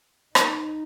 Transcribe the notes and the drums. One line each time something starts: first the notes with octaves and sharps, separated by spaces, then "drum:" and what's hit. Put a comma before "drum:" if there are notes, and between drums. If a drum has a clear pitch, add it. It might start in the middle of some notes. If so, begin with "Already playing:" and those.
D#4, drum: rim click